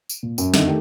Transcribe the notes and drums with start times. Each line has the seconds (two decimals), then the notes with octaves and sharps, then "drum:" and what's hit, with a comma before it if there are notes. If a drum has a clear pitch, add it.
0.09 drum: tambourine
0.23 A#2
0.38 F#2, drum: tambourine
0.54 F2 D3 D#3 D#5 E5, drum: snare
0.66 D#3 A3 G4